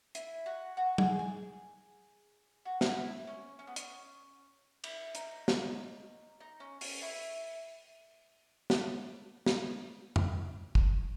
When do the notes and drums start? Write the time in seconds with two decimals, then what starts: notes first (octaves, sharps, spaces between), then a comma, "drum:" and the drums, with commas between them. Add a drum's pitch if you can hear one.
0.15 E4, drum: hi-hat
0.46 F#4
0.77 F#4
0.98 G#4, drum: tom F#3
1.19 G#4
2.65 F#4
2.81 E4, drum: snare
2.96 E4
3.27 C#4
3.59 C#4
3.67 B3
3.76 C#4, drum: hi-hat
4.84 E4, drum: cymbal
5.15 D#4, drum: hi-hat
5.48 drum: snare
6.40 D#4
6.60 C#4
6.81 C#4, drum: open hi-hat
7.02 E4
8.70 drum: snare
9.46 drum: snare
10.16 drum: tom F2
10.75 drum: kick